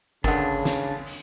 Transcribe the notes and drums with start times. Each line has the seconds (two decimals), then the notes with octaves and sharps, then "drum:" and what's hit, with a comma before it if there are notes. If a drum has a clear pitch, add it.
0.24 D2 G2 C#3 D4 A#4 F#5, drum: kick F#1, hi-hat
0.65 drum: snare
1.07 drum: open hi-hat